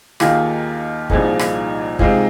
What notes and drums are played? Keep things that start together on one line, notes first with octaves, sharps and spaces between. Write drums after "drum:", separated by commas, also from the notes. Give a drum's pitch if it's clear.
D#2 D#3 A#3 D#4 F4 G#4, drum: rim click
C2 A#2 F3 C4 D#4 G#4, drum: kick
drum: rim click
C3 G#3 D#4 F4 G#4 C5, drum: kick